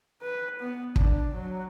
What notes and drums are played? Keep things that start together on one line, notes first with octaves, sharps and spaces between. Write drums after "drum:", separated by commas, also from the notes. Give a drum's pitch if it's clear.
B4
B3
D4, drum: kick
F#3